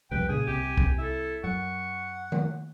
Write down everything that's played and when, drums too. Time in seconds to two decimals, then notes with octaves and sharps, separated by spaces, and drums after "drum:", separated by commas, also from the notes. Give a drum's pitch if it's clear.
0.11 C2 F2 G3 B4 G5
0.29 A#2 C#3 G#4 G#5
0.47 C2 C3 G4
0.78 drum: kick
0.98 E4 A4
1.44 F#2 F#5 C#6
2.32 drum: tom D#3